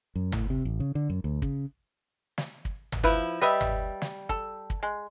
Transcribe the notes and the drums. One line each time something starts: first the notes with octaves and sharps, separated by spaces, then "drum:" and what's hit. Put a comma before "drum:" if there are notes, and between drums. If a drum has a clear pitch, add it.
F#2
A2, drum: tom G1
C3
A1
C#3
D3
F#2
D2
C#3, drum: kick
drum: snare
drum: kick
drum: tom G1
F3 E4 B4, drum: kick
G3 B4 D#5 E5
drum: tom G1
drum: snare
A4, drum: kick
drum: kick
G#3